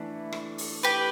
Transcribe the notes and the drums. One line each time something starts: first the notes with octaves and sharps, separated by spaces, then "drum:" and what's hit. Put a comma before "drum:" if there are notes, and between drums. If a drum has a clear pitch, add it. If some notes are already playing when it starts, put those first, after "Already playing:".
Already playing: E3 A3 D4 E4 A4
drum: rim click
drum: open hi-hat
G4 B4